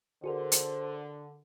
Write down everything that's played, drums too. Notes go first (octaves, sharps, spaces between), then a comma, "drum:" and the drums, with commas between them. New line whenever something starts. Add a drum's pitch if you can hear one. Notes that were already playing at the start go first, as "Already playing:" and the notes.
D3 F#4 G#4 A#4 C5
drum: hi-hat